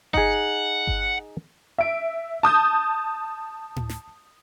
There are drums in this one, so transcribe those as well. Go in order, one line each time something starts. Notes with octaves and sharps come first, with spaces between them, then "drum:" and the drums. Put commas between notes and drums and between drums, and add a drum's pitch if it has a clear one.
D#4 G#4 F#5, drum: kick G1
drum: kick G1
E5 D7
A5 D#6 G6
drum: tom A2
drum: snare